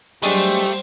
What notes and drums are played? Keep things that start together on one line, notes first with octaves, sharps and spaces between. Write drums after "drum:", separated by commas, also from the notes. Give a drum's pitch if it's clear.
F#3 G3 A3 D4 G4 G#4 C5 D#5, drum: open hi-hat